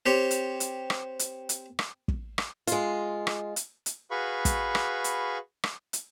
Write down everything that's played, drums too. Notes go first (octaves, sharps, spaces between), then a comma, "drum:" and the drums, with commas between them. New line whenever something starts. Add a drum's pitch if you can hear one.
C4 G4 C#5
drum: hi-hat
drum: hi-hat
drum: rim click
drum: hi-hat
drum: hi-hat
drum: rim click
drum: kick
drum: rim click
G#3 F4, drum: hi-hat
drum: rim click
drum: hi-hat
drum: hi-hat
F#4 G#4 B4 F5 B5 C#6
drum: kick, hi-hat
drum: rim click
drum: hi-hat
drum: rim click
drum: hi-hat